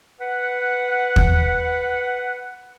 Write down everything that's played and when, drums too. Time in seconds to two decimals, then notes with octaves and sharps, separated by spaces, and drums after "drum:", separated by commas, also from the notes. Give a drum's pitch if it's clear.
0.21 B4 F#5
1.16 drum: kick